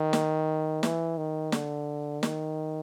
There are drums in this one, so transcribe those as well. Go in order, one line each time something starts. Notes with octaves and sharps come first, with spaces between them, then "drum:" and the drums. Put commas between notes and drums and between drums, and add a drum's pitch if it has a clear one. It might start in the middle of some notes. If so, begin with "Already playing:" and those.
Already playing: D#3
drum: snare
E3, drum: snare
D#3
D3, drum: snare
D#3, drum: snare